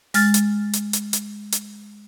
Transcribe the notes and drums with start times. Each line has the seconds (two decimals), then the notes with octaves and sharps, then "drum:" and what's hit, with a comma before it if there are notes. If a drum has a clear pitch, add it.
0.14 G#3 F6 A6, drum: open hi-hat
0.34 drum: hi-hat
0.73 drum: hi-hat
0.93 drum: hi-hat
1.13 drum: hi-hat
1.52 drum: hi-hat